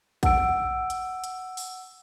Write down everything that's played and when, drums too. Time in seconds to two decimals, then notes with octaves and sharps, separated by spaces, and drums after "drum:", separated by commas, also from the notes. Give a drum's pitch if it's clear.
0.23 F#5 A5 E6 D7, drum: kick, hi-hat
0.90 drum: hi-hat
1.24 drum: hi-hat
1.57 drum: open hi-hat